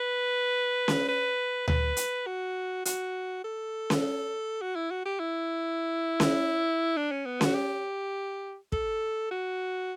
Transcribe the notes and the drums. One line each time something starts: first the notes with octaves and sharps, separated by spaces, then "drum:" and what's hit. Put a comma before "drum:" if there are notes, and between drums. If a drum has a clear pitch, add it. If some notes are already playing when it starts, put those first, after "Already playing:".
Already playing: B4
drum: snare C#4
B4
B4, drum: tom D2
drum: hi-hat
F#4
F#4, drum: hi-hat
A4
drum: snare C#4
F#4
E4
F#4
G4
E4
drum: snare C#4
D4
C#4
B3
F#4, drum: snare C#4
G4
A4, drum: kick
F#4